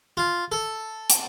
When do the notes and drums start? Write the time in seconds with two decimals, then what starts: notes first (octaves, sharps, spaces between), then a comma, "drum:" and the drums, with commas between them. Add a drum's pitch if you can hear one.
0.17 F4
0.52 A4
1.10 drum: hi-hat